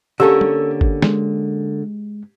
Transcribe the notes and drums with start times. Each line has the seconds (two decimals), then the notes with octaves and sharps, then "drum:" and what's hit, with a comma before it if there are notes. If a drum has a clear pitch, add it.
0.20 D3 A#3 C#4 G4 A4 E6
0.41 drum: tom
0.81 drum: kick G1
1.02 G#3, drum: snare